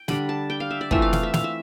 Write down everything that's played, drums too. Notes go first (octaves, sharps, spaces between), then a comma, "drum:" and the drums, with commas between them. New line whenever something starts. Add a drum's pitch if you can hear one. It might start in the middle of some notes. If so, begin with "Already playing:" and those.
Already playing: G5
D3 G3 D4 B5, drum: snare
A5
G5
F5
E5
D5
E3 A3 C4 F4 E5, drum: kick
F5
F5, drum: snare
E5
F5, drum: snare
E5